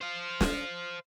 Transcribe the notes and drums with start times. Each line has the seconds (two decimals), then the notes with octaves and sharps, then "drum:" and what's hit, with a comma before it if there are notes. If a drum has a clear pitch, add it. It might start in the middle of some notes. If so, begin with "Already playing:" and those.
0.01 C5 F5
0.41 drum: snare